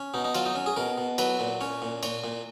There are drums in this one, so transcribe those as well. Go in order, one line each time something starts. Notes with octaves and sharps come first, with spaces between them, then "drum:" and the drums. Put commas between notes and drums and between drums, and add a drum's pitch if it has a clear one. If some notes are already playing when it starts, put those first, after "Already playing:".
Already playing: C#4
B2 D#4
D#4
F#3 F4, drum: cymbal
D#4
C#4
G#4
B2 A#4
B2
F#3 B4, drum: cymbal
A#2
C#4 C#5
A#2
A#2 C#5, drum: cymbal
A#2